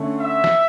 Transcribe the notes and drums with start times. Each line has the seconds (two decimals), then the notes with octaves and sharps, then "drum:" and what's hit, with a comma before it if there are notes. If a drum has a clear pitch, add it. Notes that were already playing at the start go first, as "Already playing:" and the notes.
Already playing: D3 A3 C#4
0.20 E5
0.44 drum: snare